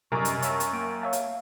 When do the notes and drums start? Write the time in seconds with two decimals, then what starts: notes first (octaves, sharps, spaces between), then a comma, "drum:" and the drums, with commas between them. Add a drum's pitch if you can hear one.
0.12 F#2 C3 G3 C#4 A#4 D#5 C#6
0.25 drum: hi-hat
0.42 C#5 E5 F#5 A5 A#5 C#6, drum: hi-hat
0.60 drum: hi-hat
0.73 A#3 G5
1.02 C#5 E5 F5 A5
1.13 drum: hi-hat